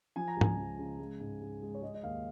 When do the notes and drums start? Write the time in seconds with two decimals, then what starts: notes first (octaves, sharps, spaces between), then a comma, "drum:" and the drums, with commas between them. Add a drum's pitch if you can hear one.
0.16 F3 G#5
0.28 A#5
0.36 C#2
0.41 G#5, drum: tom G#2
0.57 F3
0.79 C#3
0.99 G#3
1.20 G#2
1.41 G#3
1.62 G#3
1.74 C#5
1.82 G#3 D#5
1.94 D#5
2.03 D#2 F5